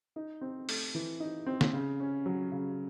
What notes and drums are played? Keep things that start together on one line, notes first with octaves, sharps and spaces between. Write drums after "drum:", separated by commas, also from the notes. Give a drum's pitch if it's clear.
D#4
C4
A3, drum: open hi-hat
E3
D#4
C4
drum: snare
C#3
C#4
F#3
C#3